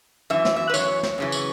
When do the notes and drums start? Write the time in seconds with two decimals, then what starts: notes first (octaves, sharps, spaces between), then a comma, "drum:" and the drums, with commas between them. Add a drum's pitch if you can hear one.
0.30 F#2 E3 E5
0.45 drum: snare
0.56 E5
0.69 B4
0.74 F#2 C#3 E3 C#5, drum: tambourine
1.03 drum: snare
1.18 F#2 C#3 E3
1.32 drum: tambourine